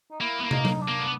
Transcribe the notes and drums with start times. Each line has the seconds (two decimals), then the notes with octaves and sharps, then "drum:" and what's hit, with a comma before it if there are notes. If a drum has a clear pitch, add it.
0.11 D#4
0.21 A#3 E4
0.39 B3
0.43 A#3
0.51 D#4, drum: tom
0.65 drum: tom F#3
0.81 D4
0.88 A#3
1.00 B3